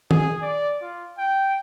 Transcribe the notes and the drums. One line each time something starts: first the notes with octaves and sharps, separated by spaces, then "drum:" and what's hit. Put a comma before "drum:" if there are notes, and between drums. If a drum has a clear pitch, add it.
G#4, drum: tom
D5
F4
G5